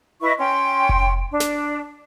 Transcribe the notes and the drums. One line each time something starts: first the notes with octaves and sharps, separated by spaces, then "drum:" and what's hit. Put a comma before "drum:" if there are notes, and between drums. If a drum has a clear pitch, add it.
E4 B4 D#5 C#6
C#4 G5 C6
drum: kick F1
D4
drum: snare